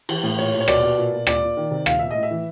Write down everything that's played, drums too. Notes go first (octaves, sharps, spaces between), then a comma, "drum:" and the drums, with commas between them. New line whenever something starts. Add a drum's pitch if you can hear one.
E3, drum: cymbal
A2
A#2 C#5
A#2
C#5
B2 D5, drum: rim click
B2
A#2
A#2
A#2 D5, drum: rim click
A#2
D#3
C3
A#2 F5, drum: rim click
A#2 E5
A2 D#5
E5
E3